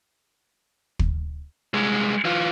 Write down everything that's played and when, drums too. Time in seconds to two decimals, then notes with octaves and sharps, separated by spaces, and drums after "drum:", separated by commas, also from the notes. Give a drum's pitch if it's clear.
0.99 drum: kick
1.74 C2 G#3
2.25 E3 F4